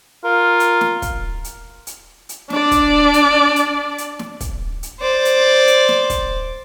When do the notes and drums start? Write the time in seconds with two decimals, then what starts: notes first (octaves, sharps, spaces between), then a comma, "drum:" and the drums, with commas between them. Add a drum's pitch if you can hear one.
0.24 F4 A#4
0.60 drum: hi-hat
0.81 drum: snare
1.02 drum: kick, hi-hat
1.44 drum: hi-hat
1.87 drum: hi-hat
2.29 drum: hi-hat
2.50 D4 D5, drum: snare
2.71 drum: kick, hi-hat
3.14 drum: hi-hat
3.56 drum: hi-hat
3.98 drum: hi-hat
4.19 drum: snare
4.40 drum: kick, hi-hat
4.83 drum: hi-hat
5.01 C5 D5
5.25 drum: hi-hat
5.67 drum: hi-hat
5.88 drum: snare
6.10 drum: kick, hi-hat